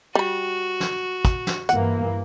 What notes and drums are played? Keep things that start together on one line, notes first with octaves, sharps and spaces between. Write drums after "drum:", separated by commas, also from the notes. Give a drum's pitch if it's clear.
G3 F#4 B5
drum: snare
drum: kick, hi-hat
drum: snare
G2 E3 A#3 F#5, drum: hi-hat